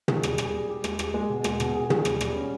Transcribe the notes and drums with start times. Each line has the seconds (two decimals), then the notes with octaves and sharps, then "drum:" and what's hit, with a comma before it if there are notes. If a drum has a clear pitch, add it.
0.08 G#4, drum: tom
0.23 G3, drum: rim click
0.38 G#4, drum: rim click
0.54 G3
0.69 G4
0.84 G#3, drum: rim click
0.99 G4, drum: rim click
1.14 G#3
1.29 B2
1.44 G#3, drum: rim click
1.60 B2, drum: rim click
1.75 G#4
1.90 G3, drum: tom
2.05 G3, drum: rim click
2.21 G3, drum: rim click
2.36 C#4